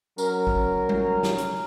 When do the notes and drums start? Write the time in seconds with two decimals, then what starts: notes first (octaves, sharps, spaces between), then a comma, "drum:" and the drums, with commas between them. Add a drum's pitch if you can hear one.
0.18 F#3 C#4 A#4, drum: tambourine
0.47 drum: kick
0.89 drum: tom G3
1.23 drum: snare
1.38 drum: hi-hat